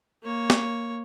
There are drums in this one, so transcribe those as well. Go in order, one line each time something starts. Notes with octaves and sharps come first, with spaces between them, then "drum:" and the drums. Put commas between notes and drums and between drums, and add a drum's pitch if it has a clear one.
A#3 C#5
drum: snare